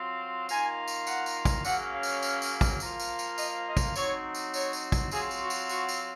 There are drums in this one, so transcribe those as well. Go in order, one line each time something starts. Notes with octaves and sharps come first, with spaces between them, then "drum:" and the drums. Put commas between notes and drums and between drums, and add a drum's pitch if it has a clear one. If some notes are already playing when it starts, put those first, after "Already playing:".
Already playing: F#3 C4 F4
D#3 A#3 F4 G#5, drum: tambourine
drum: tambourine
F#5, drum: tambourine
drum: tambourine
drum: kick, tambourine
C#3 F#3 A#3 C#4 F#5, drum: tambourine
F5
drum: tambourine
drum: tambourine
drum: tambourine
drum: kick, tambourine
F3 A#3 F4, drum: tambourine
drum: tambourine
drum: tambourine
D#5, drum: tambourine
D#5
drum: kick, tambourine
F#3 C4 D#4 C#5, drum: tambourine
drum: tambourine
C#5, drum: tambourine
drum: tambourine
drum: kick, tambourine
F#3 C4 F4 G#4, drum: tambourine
drum: tambourine
F#4
drum: tambourine
F#4, drum: tambourine
drum: tambourine